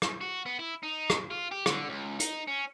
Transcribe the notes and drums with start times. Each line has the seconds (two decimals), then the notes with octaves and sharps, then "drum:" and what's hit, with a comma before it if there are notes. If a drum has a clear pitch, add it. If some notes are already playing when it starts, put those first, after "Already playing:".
0.02 drum: rim click
0.21 F#4
0.46 B3
0.59 E4
0.83 D#4
1.10 drum: rim click
1.30 F4
1.51 G4
1.66 D3, drum: rim click
1.89 C#2
2.20 D#4, drum: hi-hat
2.48 C#4